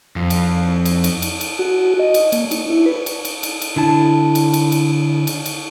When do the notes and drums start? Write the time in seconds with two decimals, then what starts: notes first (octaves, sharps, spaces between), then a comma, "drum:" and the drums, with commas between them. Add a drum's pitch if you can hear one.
0.16 F2
0.30 drum: cymbal
0.85 drum: cymbal
1.04 drum: cymbal
1.22 drum: cymbal
1.41 drum: cymbal
1.59 F#4
1.99 D#5
2.14 drum: cymbal
2.32 A#3, drum: cymbal
2.51 D#4, drum: cymbal
2.70 E4
2.86 B4
3.06 drum: cymbal
3.25 drum: cymbal
3.43 drum: cymbal
3.61 drum: cymbal
3.76 D3 E4 A5
4.35 drum: cymbal
4.53 drum: cymbal
4.72 drum: cymbal
5.27 drum: cymbal
5.46 drum: cymbal